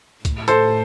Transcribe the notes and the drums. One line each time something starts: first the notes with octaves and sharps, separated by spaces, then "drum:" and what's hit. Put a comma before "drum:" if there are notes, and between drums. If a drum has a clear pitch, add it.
A2, drum: kick, hi-hat
A4 C5, drum: hi-hat